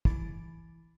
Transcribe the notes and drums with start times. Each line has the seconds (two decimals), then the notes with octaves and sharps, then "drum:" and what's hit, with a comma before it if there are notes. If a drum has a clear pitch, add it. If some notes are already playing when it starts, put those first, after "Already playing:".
0.05 E3 E4 B5 A6, drum: kick